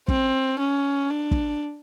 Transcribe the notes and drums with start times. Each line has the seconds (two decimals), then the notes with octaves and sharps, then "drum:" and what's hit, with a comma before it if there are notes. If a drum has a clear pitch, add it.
0.08 C4, drum: kick
0.59 C#4
1.10 D4
1.31 drum: kick